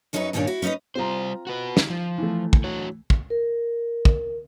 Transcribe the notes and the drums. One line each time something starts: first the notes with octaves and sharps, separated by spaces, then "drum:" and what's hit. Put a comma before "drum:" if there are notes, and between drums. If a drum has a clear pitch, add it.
F#2 F#3 C#4 D#4 A4 B4
G2 A#2 D#3 B3 C#4 D4
E4 F#4
C#4 D#4 E4 B4 D#5
G3 C4 F4 C5 A#5
F#4 B4
drum: snare
F3
E3 A3
drum: kick
D4 F#4 C#5
drum: kick
A#4
drum: kick